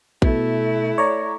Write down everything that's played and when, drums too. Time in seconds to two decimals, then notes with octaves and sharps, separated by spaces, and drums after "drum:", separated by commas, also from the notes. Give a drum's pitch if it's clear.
0.22 B2 A3 E4, drum: kick A#1
0.98 C#5 D5 A#5